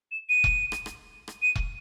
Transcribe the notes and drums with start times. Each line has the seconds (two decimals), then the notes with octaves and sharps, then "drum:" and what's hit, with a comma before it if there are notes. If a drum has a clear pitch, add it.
0.11 E7
0.29 D#7
0.44 drum: kick E1
0.72 drum: rim click
0.86 drum: rim click
1.28 drum: rim click
1.42 D#7
1.55 drum: kick E1